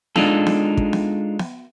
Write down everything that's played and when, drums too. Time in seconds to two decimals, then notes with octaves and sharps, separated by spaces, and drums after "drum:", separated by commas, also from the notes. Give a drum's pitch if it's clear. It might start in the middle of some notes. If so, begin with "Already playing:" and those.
0.16 G#3 D4 D#4 F4 A4, drum: snare B3
0.47 drum: snare B3
0.77 drum: kick
0.93 drum: snare B3
1.39 drum: snare B3